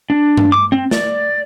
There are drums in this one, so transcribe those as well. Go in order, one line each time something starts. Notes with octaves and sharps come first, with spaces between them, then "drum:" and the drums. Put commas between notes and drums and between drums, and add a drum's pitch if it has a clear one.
D4
drum: tom G2
D6
C4
D5, drum: snare